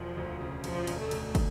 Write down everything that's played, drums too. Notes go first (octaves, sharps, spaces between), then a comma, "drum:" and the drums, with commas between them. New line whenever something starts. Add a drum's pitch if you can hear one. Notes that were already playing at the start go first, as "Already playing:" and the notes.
Already playing: E1 F3
D2
C#3
E1 F3, drum: cymbal
E1, drum: cymbal
A3
D2, drum: cymbal
drum: kick, cymbal